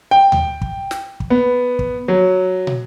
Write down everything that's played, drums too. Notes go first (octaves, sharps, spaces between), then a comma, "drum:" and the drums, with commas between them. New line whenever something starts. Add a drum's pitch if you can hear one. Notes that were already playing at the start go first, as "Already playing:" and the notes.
G5
drum: tom D#2
drum: kick
drum: snare
drum: kick
B3
drum: kick
F#3
drum: tom